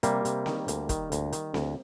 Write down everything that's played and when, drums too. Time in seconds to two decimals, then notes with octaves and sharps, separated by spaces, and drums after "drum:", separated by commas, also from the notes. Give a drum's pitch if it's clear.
0.03 C3 G3 A#3, drum: hi-hat
0.25 C3, drum: hi-hat
0.46 D#3, drum: snare C4
0.68 D2, drum: hi-hat
0.89 D#3, drum: kick, hi-hat
1.12 D2, drum: hi-hat
1.33 D#3, drum: hi-hat
1.54 D2, drum: snare C4